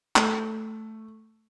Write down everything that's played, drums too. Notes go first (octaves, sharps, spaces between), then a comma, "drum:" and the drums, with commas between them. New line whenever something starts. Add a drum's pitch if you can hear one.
A3, drum: clap